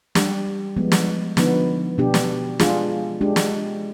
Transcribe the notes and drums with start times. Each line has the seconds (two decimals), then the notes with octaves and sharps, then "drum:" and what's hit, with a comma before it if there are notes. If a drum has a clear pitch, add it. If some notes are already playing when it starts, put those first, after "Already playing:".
0.15 G3 D4 G4, drum: snare
0.77 F3 G#3 B3
0.92 drum: snare
1.37 D3 F3 B3 D#4, drum: snare
1.98 B2 B3 D4 G4
2.14 drum: snare
2.59 G#3 D4 F4 G#4, drum: snare
3.21 G#3 D4 G4
3.36 drum: snare